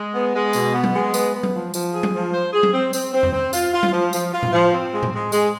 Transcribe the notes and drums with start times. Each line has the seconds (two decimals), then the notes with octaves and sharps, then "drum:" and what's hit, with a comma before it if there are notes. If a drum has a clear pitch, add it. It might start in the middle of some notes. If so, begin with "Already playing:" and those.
Already playing: G#3
0.14 B3
0.34 G#3
0.53 B2, drum: tambourine
0.74 B3
0.84 drum: tom F#3
0.94 G#3
1.14 B3, drum: tambourine
1.34 B3
1.43 drum: tom F#3
1.54 F3
1.74 F3, drum: tambourine
1.93 G#4
2.03 drum: tom F#3
2.13 F3
2.33 C5
2.53 G#4
2.63 drum: tom F#3
2.73 C4
2.93 C4, drum: tambourine
3.13 C4
3.23 drum: tom E2
3.33 C4
3.53 F4, drum: tambourine
3.73 F4
3.83 drum: tom F#3
3.92 F3
4.13 F3, drum: tambourine
4.33 F4
4.43 drum: tom A2
4.53 F3
4.73 C4
4.92 G#3
5.03 drum: tom A2
5.13 G#3
5.32 G#3, drum: tambourine